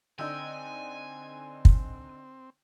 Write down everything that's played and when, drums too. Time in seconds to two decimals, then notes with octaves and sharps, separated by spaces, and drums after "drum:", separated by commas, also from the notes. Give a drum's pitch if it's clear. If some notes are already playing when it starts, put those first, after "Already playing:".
0.19 D3 C4 D4 D#4 G5 G#5 E6
1.65 drum: kick